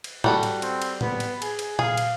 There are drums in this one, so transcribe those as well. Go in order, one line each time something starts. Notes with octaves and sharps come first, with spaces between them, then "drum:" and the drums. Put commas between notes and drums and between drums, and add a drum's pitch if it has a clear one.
drum: cymbal
G3 F#4 A4, drum: tom A2
drum: cymbal
C4, drum: cymbal
drum: cymbal
B3, drum: tom A2
drum: cymbal
G#4, drum: cymbal
drum: cymbal
G#4 F5, drum: tom A#2
drum: cymbal